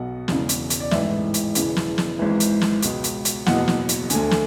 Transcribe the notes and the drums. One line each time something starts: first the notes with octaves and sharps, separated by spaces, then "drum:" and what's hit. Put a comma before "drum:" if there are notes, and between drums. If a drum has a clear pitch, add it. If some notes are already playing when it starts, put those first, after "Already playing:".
Already playing: B1 B2 F#5
E1 E2 C#3, drum: snare
drum: hi-hat
drum: hi-hat
D5
A1 G#2 E3 E5, drum: snare
drum: hi-hat
E1 E2 C#3 E3, drum: hi-hat
drum: snare
drum: snare
G#1 G#2 E3
drum: hi-hat
drum: snare
C#2 B2, drum: hi-hat
drum: hi-hat
drum: hi-hat
F#1 E2 B2 F#5, drum: snare
drum: snare
drum: hi-hat
D2 D3 G#5, drum: hi-hat
drum: snare